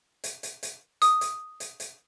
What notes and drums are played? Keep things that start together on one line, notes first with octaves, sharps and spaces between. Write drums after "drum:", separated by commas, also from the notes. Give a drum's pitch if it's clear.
drum: hi-hat
drum: hi-hat
drum: hi-hat
D#6, drum: hi-hat
drum: hi-hat
drum: hi-hat
drum: hi-hat